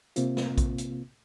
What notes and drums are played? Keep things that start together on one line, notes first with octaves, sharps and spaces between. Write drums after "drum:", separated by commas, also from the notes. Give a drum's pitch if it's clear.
C3 A#3 C4 F4, drum: hi-hat
drum: snare
drum: kick A#1, hi-hat
drum: hi-hat